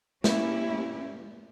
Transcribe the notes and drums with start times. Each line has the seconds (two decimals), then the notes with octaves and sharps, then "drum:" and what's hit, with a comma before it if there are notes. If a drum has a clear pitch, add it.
0.24 A#3 C#4 E4 G4, drum: snare